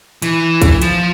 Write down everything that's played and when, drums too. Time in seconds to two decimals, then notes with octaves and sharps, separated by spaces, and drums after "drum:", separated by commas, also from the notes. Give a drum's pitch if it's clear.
0.22 E3, drum: hi-hat
0.62 drum: kick A#1, hi-hat
0.82 F3, drum: hi-hat